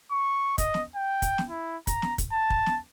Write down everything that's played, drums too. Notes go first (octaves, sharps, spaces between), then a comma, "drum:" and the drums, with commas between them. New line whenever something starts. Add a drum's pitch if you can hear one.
C#6
D#5, drum: kick, hi-hat
drum: snare
G5
drum: kick, hi-hat
drum: snare
E4
A#5, drum: kick, hi-hat
drum: snare
drum: kick, hi-hat
A5
drum: kick
drum: snare